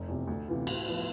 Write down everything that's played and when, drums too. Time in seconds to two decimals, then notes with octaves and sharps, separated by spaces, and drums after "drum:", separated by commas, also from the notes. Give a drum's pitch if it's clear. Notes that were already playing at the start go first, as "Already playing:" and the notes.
Already playing: F1
0.08 E2 C3
0.27 D2
0.48 C3 E3 B3 F4
0.67 A2, drum: cymbal
0.87 F3 B3 F4